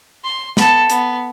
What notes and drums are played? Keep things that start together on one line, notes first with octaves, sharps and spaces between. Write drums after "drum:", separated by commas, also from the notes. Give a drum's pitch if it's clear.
C6
B3 A4, drum: snare
B3, drum: hi-hat